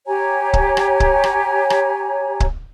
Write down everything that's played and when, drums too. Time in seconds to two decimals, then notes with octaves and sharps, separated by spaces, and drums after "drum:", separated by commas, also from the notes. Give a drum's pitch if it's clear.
0.07 G4 C#5 G#5 A#5
0.53 drum: kick C#1
0.77 drum: rim click
1.00 drum: kick C#1
1.24 drum: rim click
1.70 drum: rim click
2.40 drum: kick C#1